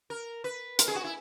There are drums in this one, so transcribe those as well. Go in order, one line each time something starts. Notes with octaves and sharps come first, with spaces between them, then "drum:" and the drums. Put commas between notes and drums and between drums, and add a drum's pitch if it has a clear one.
A#4
B4
A#4, drum: hi-hat
G#4
F#4
E4